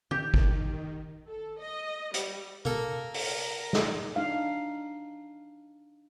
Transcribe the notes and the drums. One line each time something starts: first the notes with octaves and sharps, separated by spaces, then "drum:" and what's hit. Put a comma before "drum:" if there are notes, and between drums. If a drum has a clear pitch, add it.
D#3 G4 G6, drum: tom
drum: kick G#1
A4
D#5
G3, drum: hi-hat
A#3 A4 A#4, drum: tom C3
drum: open hi-hat
drum: snare
D4 D#4 F5